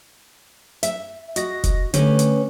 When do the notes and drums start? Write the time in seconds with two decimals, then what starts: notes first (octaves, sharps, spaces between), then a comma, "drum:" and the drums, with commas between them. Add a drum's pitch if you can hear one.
0.83 E5, drum: hi-hat
1.36 F#4 D#5 A#6, drum: hi-hat
1.64 drum: kick F1, hi-hat
1.94 D3 A3 C#4 G4 B4, drum: hi-hat
2.19 drum: hi-hat